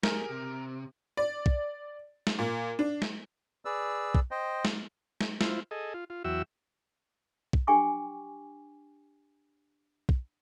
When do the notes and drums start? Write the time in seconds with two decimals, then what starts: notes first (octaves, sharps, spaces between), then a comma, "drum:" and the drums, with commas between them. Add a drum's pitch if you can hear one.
0.03 G4 G#4 A#4, drum: snare
0.29 C3
1.17 D5
1.46 drum: kick
2.27 drum: snare
2.39 A#2
2.79 D4
3.02 drum: snare
3.65 G#4 B4 D5 E6
4.15 drum: kick
4.31 C5 D#5 G5
4.65 drum: snare
5.21 drum: snare
5.41 E4 F4 C5, drum: snare
5.71 G#4 A4 D#5
5.94 F4
6.10 F4
6.24 E2 F#3 F#4 E5 G5 E6
7.53 drum: kick
7.67 D4 G4 G5 G#5 C#6 D6
10.09 drum: kick